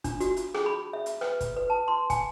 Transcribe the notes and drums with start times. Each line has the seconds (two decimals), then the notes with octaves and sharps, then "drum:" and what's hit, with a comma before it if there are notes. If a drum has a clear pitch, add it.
0.04 D4, drum: kick, hi-hat
0.20 F#4, drum: hi-hat
0.37 drum: hi-hat
0.54 G#4, drum: rim click
0.66 B5
0.93 E5
1.06 drum: hi-hat
1.21 B4, drum: rim click
1.41 drum: kick, hi-hat
1.57 B4
1.70 A5
1.88 C6
2.10 G#5, drum: kick, hi-hat